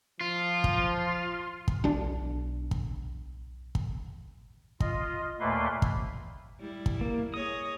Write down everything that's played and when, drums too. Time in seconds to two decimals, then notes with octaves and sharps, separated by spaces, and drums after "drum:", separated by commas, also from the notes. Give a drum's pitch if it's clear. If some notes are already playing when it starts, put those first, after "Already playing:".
0.21 F3 F4
0.64 drum: kick
1.68 drum: kick
1.84 B1 D4
2.71 drum: kick
3.75 drum: kick
4.80 F4 D#5, drum: kick
5.40 D#2 A#2 A3 A#3 B4 C6
5.82 drum: kick
6.60 G3 E4
6.86 drum: kick
7.01 A#3
7.34 G#4 C#5 D#5 D#6